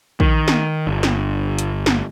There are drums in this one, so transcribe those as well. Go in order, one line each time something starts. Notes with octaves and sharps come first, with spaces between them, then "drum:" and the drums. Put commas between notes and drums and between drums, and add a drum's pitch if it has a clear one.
D#3, drum: kick A#1
drum: snare
G1
drum: snare
drum: hi-hat
drum: snare